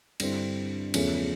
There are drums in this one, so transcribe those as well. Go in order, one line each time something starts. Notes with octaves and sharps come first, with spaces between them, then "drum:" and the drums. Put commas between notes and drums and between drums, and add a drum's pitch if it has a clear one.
G2 D3 G3 C4 E4, drum: cymbal
E2 C#3 F3 A3 C#4, drum: cymbal